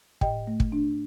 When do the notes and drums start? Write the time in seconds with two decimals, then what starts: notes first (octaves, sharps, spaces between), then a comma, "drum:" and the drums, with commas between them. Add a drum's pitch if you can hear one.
0.21 A2 D#5 G5, drum: kick
0.47 A3
0.60 drum: kick
0.72 D4